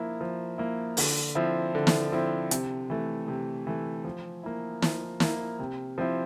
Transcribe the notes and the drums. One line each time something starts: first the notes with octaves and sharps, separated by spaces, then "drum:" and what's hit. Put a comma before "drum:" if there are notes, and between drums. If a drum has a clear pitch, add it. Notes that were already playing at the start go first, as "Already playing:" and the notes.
Already playing: F3 A#3 E4
F3
A#3 E4
D3, drum: open hi-hat
F3 C4 E4
D3
drum: snare
F3 C4 E4
C3, drum: hi-hat
E3 A3
C3
E3 A3
F3
A#3 E4
F3, drum: snare
A#3 E4, drum: snare
C3
F3 C4 E4